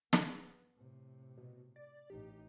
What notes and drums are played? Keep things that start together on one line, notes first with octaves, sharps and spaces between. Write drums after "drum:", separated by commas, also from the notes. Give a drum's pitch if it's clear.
B3, drum: snare
A2 C3
B2
D5
A1 D#4 G4